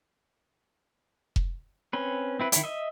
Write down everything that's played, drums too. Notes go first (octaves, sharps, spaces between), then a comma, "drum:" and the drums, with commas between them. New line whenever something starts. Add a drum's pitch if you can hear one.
drum: kick F1
C4 C#4 B4
C4 E4 B4
D#3 E4, drum: hi-hat
D#5 E5